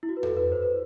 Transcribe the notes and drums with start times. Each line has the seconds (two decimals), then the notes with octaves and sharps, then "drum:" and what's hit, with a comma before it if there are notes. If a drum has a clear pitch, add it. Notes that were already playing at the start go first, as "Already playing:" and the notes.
0.03 E4
0.09 F#4
0.17 B4
0.23 A4, drum: tom F2
0.37 B4
0.52 C5
0.62 B4